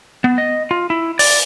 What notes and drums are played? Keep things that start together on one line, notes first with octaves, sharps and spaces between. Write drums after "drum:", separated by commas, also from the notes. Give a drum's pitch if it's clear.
B3
D#5
F4
E4
D5, drum: open hi-hat